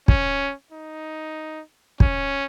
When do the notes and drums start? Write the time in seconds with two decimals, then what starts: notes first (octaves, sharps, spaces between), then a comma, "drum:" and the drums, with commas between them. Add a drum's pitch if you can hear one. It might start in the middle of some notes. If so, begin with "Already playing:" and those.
0.08 C#4, drum: kick
0.72 D#4
2.00 C#4, drum: kick